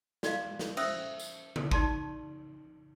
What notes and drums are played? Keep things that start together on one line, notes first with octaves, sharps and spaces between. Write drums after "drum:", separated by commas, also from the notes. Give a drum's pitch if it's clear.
F#4 D5 D#5 F5, drum: snare
drum: snare
C#4 C5 E5 D#6 E6, drum: cymbal
drum: tambourine
drum: tom C#3
D#4 G4 D5 A5 C6 D6, drum: kick